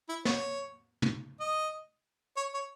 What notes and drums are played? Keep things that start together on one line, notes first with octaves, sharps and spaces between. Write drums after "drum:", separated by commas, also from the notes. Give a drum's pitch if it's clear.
E4
C#5, drum: snare
drum: tom
D#5
C#5
C#5